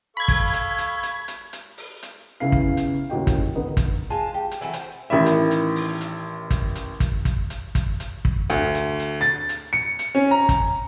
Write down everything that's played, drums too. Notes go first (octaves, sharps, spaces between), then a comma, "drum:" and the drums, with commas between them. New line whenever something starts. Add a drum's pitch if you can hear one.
A4 F5 B5 C#6 G#6
drum: kick, open hi-hat
drum: hi-hat
drum: hi-hat
drum: hi-hat
drum: hi-hat
drum: hi-hat
drum: open hi-hat
drum: hi-hat
C#2 C#3 B3 E4 F5 C7
drum: kick
drum: hi-hat
D#2 A2 C#3 F#4 D#5 G5
drum: kick, hi-hat
D3 D#3 B3
drum: kick, hi-hat
G#3 F4 G#5 A5
G4
drum: hi-hat
E3 F#3 A3 G#5
C5, drum: hi-hat
A1 D#3 E4 E5
drum: hi-hat
drum: hi-hat
drum: open hi-hat
drum: hi-hat
drum: kick, hi-hat
drum: hi-hat
drum: kick, hi-hat
drum: kick, hi-hat
drum: hi-hat
drum: kick, hi-hat
drum: hi-hat
drum: kick
D2, drum: hi-hat
drum: hi-hat
drum: hi-hat
A6
drum: hi-hat
C#7
drum: hi-hat
C#4
A#5
drum: kick, hi-hat